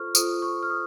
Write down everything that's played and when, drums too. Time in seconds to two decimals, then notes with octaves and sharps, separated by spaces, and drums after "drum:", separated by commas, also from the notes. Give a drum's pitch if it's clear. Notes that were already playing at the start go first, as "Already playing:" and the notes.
Already playing: F4 A4 C5 C#6 F6
0.15 F4 A4 C5 D#6, drum: tambourine
0.42 C#6
0.63 F6
0.70 D#6